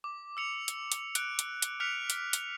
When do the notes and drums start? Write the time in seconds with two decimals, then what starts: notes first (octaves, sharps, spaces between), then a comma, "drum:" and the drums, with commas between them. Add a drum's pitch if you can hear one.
0.04 D6
0.37 E6 C#7 F7
0.68 drum: hi-hat
0.92 drum: hi-hat
1.15 F#6 D7, drum: hi-hat
1.39 drum: hi-hat
1.62 drum: hi-hat
1.80 F6 F#6 B6 C#7 F7
2.10 drum: hi-hat
2.33 drum: hi-hat